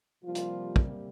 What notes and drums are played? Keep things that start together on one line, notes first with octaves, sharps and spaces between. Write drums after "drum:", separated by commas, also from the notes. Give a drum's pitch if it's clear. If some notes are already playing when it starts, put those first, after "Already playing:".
C3 F3 G3 A#3 F4
drum: hi-hat
drum: kick